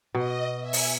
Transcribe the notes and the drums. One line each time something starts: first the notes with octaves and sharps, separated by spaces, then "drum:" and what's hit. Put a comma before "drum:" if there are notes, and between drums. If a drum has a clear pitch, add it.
B2 D#5
E5 G#5
drum: open hi-hat